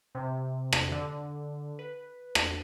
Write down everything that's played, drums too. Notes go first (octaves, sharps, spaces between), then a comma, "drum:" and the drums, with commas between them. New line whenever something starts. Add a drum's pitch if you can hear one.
C3
drum: rim click
D3
B4
drum: rim click